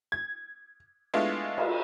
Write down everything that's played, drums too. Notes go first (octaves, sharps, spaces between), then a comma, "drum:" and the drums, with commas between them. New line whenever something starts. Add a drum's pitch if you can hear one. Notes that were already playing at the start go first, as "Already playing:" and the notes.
G#6
G#3 A3 B3 D4 E4 F4
drum: cymbal